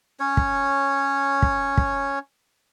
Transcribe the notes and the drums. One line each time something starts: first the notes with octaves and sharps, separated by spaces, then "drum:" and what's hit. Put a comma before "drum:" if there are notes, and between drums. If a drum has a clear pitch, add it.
C#4 C#5
drum: kick
drum: kick
drum: kick